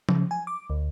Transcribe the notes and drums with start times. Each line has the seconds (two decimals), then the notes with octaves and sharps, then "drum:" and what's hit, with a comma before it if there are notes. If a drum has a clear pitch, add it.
0.09 C#3, drum: tom F3
0.31 G#5
0.47 D6
0.70 D2